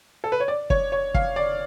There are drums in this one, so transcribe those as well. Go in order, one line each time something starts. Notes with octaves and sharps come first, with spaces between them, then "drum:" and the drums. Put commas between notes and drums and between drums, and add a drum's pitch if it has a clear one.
A4
B4
C#5
D5
C#5, drum: kick
C#5
F5, drum: kick
D5